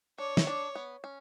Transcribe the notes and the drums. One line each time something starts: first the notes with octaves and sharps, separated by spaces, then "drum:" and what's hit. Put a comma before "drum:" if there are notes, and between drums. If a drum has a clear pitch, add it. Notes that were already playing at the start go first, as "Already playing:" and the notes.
D4 C#5
E4, drum: snare
D4
B3
C#4